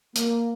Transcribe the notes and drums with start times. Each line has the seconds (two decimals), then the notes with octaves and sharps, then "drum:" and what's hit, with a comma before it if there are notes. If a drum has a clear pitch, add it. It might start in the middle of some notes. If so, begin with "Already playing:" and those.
0.15 A#3, drum: hi-hat